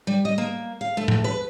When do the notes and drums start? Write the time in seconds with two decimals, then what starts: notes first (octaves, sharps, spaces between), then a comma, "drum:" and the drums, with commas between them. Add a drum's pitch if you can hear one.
0.07 G3
0.25 D#5
0.38 A#3
0.81 F5
0.97 A3
1.08 drum: tom A2
1.24 B4